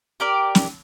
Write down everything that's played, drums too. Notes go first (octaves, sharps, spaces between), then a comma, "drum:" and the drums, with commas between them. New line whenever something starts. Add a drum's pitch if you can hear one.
G4 A#4 D5
drum: snare